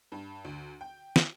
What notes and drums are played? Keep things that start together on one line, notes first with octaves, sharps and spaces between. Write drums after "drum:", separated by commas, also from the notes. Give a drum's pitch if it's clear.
G2
D2
G5
drum: snare